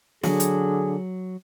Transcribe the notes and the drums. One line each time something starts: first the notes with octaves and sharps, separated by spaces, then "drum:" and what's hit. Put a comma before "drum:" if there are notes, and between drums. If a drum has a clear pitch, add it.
D3 F#3 G#4, drum: snare
drum: hi-hat